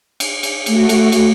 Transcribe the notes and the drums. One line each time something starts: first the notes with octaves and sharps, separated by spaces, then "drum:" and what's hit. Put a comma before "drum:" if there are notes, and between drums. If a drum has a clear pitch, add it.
drum: cymbal
drum: cymbal
A3 F#4, drum: cymbal
drum: cymbal
drum: cymbal